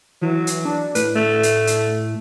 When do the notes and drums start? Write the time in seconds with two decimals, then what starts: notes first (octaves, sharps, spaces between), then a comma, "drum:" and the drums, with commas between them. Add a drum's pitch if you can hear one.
0.22 E3 F#3
0.47 drum: hi-hat
0.65 D4
0.95 A2 B4, drum: hi-hat
1.15 A3
1.43 drum: hi-hat
1.67 drum: hi-hat